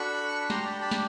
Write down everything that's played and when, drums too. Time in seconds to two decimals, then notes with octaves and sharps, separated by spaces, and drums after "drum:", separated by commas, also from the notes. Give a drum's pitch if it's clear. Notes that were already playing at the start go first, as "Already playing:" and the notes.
Already playing: D4 F#4 A4 B5 C#6
0.41 B5
0.50 D4 G4 A#5 C6, drum: snare
0.65 A5 B5
0.81 A5 B5
0.91 drum: snare